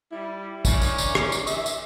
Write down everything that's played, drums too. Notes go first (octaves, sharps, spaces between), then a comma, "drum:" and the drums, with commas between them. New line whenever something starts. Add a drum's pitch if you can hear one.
G3 E4
A#2 C#4 D4, drum: kick, tambourine
drum: tambourine
drum: tambourine
drum: rim click
drum: tambourine
E5, drum: tambourine
drum: tambourine